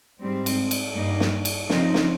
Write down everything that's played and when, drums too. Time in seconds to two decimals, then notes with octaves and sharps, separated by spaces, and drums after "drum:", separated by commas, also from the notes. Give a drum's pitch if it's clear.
0.21 G#2 G3 C4
0.46 drum: cymbal
0.71 drum: cymbal
0.95 G2 G3 A#3 D#4
1.20 drum: snare
1.45 drum: cymbal
1.70 C#3 F3 C4 D#4, drum: snare
1.94 drum: snare